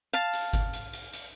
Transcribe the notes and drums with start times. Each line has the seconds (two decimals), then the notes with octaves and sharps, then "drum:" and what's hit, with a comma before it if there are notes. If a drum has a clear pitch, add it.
0.13 F5 A5
0.33 drum: hi-hat
0.53 drum: kick G1, hi-hat
0.73 drum: hi-hat
0.93 drum: hi-hat
1.13 drum: hi-hat